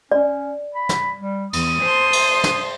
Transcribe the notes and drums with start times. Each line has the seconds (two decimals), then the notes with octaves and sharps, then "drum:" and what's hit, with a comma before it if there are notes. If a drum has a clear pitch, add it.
0.12 C#4 D5
0.75 B5
0.89 drum: snare
1.16 G3
1.53 E2 D#6, drum: cymbal
1.82 C5 A5 C6
2.13 drum: cymbal
2.44 drum: snare